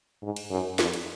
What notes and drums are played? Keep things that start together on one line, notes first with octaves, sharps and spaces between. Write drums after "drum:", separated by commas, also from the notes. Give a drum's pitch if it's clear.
G#2
drum: cymbal
F#2
F2, drum: snare
drum: cymbal